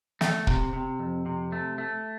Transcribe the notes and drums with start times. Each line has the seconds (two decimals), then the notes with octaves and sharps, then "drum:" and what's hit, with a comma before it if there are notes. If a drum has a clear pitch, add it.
0.21 A3, drum: snare
0.47 C3, drum: kick
0.73 C3
0.99 F2
1.26 C3
1.52 A3
1.78 A3